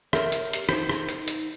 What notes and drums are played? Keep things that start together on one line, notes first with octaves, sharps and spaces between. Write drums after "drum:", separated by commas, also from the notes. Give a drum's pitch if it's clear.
A#4 C5 C#5 E5, drum: rim click
drum: hi-hat
G4, drum: hi-hat
D#4 C5, drum: rim click
drum: rim click
drum: hi-hat
drum: hi-hat